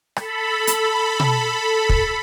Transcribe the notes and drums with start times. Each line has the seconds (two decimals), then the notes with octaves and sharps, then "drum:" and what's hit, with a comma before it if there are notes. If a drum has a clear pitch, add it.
0.16 A4 B5, drum: rim click
0.67 drum: hi-hat
1.20 drum: tom B2
1.89 drum: kick